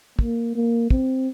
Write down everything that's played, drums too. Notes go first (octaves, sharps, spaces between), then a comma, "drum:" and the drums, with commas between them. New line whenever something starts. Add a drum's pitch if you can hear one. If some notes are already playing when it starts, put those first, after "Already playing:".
A#3, drum: kick
A#3
C4, drum: kick